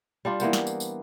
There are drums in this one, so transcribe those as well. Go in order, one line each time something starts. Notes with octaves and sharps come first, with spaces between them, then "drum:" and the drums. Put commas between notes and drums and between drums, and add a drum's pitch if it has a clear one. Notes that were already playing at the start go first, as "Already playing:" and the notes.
G3 D4 F4
E3 A#3 B3 C5, drum: tambourine
drum: snare
drum: tambourine
drum: tambourine